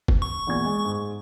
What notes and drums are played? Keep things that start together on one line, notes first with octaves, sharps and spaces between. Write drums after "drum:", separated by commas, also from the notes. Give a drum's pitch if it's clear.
drum: kick
C#6
E2 A#2 G#6
G#3
G#2